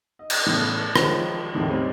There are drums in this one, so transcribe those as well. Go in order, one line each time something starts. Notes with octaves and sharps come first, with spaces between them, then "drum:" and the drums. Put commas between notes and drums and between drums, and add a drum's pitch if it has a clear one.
D#5
drum: cymbal
A2 C#3 E3 B3
D#3 F3 G#3 C5 C#5, drum: rim click
E2 A2 C3 D#3 E3
C3 G3 C4 C#4 D#4